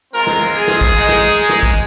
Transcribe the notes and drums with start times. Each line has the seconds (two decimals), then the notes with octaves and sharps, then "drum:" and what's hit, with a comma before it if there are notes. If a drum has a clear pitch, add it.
0.13 G#3 C4 F4 A#4, drum: tambourine
0.27 drum: snare
0.40 drum: tambourine
0.54 G#4, drum: tambourine
0.68 drum: snare
0.81 drum: kick, tambourine
0.95 G#3 D#4, drum: tambourine
1.08 drum: snare
1.22 drum: tambourine
1.36 drum: tambourine
1.49 drum: snare
1.63 drum: kick, tambourine